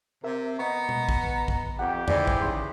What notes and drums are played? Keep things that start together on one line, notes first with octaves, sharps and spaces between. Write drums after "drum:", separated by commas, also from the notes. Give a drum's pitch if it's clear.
C3 A#4 E5
B3 D#5 A#5 C#6
drum: tom B2
drum: kick A#1
drum: kick A#1
F2 G4 F#5
G#2 E3 D5, drum: tom E2
drum: kick A#1
C#3 C6